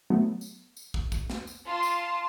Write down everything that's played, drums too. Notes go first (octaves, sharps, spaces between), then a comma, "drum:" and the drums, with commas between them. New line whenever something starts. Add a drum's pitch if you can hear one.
F#3 A3 B3
drum: tambourine
drum: tambourine
drum: kick
drum: kick, tambourine
drum: snare
drum: tambourine
F4 A5 C6
drum: tambourine